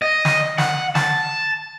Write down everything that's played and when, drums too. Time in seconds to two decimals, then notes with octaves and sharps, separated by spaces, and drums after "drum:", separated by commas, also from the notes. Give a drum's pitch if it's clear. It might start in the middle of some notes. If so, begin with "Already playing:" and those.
0.02 D#5
0.25 drum: snare
0.58 F#5, drum: snare
0.95 A5, drum: snare